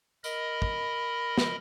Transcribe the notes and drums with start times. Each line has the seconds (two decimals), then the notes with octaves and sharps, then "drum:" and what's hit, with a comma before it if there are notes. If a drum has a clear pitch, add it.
0.24 A#4 D#5 B5, drum: tambourine
0.62 drum: kick
1.38 drum: snare